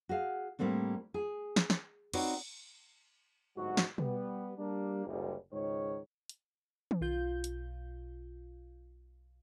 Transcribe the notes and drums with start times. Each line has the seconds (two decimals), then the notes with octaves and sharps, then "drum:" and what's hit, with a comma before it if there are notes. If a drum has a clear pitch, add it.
0.09 F#4 G#4 F5
0.59 A2 G3 A#3 C4 D4
1.14 G#4
1.56 drum: snare
1.70 drum: snare
2.13 C4 D#4 F#4 B4 C#5 D5, drum: cymbal
3.57 G1 G#2 F#3 F#4
3.77 drum: snare
3.98 G3 B3, drum: tom B2
4.58 G3 A#3 D4
5.07 F#1 D2 G3
5.52 C#2 G#2 D#3 C#5
6.29 drum: hi-hat
6.91 drum: tom D#3
7.01 B1 F4 G6
7.44 drum: hi-hat